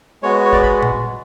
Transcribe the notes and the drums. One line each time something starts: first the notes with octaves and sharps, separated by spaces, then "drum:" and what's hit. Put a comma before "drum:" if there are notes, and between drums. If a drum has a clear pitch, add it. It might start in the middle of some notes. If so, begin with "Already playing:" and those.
G#3 B3 F#4 C#5
C#5
D5, drum: kick
B5
drum: tom A#2